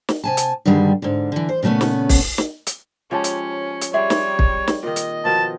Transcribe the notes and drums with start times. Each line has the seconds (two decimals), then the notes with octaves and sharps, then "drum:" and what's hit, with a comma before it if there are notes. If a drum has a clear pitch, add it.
0.09 drum: snare
0.24 C3 G#5 A5
0.37 drum: hi-hat
0.65 G2 D3 D#3 G3 G#3
1.02 G#2 D3
1.32 D3 E3
1.49 C5
1.63 A#2 C#3 A3 B3 C#4
1.81 drum: snare
2.09 drum: kick, open hi-hat
2.38 drum: snare
2.67 drum: hi-hat
3.11 F3 G#3 C#4 G4 C#5 A5
3.24 drum: hi-hat
3.81 drum: hi-hat
3.94 G3 C4 G#4 C#5 E5
4.10 drum: snare
4.39 drum: kick
4.68 drum: snare
4.83 A#2 D#3 D#5
4.96 drum: hi-hat
5.25 B2 D#3 F3 A5